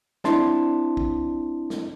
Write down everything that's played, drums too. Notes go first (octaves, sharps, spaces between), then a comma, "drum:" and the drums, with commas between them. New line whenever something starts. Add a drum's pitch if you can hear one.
C4 D4 E4 A5 C6, drum: snare
drum: kick
drum: snare